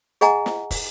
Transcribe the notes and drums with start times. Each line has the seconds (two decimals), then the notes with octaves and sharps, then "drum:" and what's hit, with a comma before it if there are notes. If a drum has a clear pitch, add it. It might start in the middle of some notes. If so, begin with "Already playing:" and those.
0.21 G#4 D#5 F#5 G#5 A#5, drum: hi-hat
0.46 drum: snare
0.71 drum: kick, open hi-hat